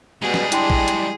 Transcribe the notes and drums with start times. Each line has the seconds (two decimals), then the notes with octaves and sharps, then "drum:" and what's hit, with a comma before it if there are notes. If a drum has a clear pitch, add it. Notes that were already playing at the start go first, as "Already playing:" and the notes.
0.22 B2 G3 G#3 G#4
0.34 drum: snare
0.52 D4 E4 G5 C6, drum: hi-hat
0.70 drum: kick
0.88 drum: hi-hat